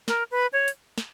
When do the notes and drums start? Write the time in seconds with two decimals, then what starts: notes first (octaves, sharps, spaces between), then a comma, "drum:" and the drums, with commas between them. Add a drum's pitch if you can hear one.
0.08 A#4, drum: snare
0.31 B4
0.53 C#5
0.68 drum: hi-hat
0.98 drum: snare